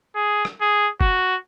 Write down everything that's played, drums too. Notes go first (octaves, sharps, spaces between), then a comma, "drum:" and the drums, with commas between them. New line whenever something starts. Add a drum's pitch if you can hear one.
G#4
drum: rim click
G#4
F#4, drum: kick